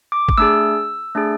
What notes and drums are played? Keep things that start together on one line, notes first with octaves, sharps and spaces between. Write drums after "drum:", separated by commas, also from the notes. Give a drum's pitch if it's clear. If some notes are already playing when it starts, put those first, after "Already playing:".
D6
drum: kick
A3 D4 G#4 E6
A3 D4 G#4